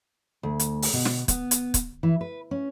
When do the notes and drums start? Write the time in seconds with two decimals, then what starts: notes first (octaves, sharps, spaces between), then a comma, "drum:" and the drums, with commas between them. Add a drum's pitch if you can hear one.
0.43 D2
0.60 drum: hi-hat
0.82 drum: open hi-hat
0.93 B2
1.05 drum: snare
1.28 B3, drum: kick, hi-hat
1.51 drum: hi-hat
1.74 drum: kick, hi-hat
2.03 E3
2.21 B4
2.51 C#4